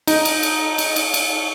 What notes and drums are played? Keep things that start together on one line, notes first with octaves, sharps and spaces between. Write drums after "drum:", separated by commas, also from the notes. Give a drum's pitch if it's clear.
D#4, drum: cymbal
drum: cymbal
drum: cymbal
drum: cymbal
drum: cymbal
drum: cymbal